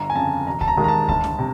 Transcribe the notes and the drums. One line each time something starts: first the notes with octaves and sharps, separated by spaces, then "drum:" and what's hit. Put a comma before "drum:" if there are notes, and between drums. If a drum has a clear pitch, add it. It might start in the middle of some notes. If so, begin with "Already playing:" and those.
Already playing: G1 A#5
G#5
F2 C#3 A5
E1 A#5
A5, drum: kick C#2
A#5
D#2 D#3 G#3
A#5
A5
G1 A5, drum: kick C#2
drum: snare
C3